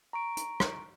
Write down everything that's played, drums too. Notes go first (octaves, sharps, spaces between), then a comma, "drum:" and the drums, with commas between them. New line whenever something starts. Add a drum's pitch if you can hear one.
A#5 C#6 D7
drum: hi-hat
drum: rim click